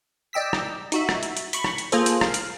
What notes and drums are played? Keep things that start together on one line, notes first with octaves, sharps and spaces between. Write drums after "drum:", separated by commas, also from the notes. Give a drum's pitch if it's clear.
D5 D#5 G5 E6 B6
drum: rim click
D#4 F#4 E5, drum: hi-hat
drum: rim click
drum: hi-hat
drum: hi-hat
B5 C#6, drum: hi-hat
drum: rim click
drum: hi-hat
A#3 F4 G#4 A4 C5, drum: hi-hat
drum: hi-hat
F5, drum: rim click
drum: hi-hat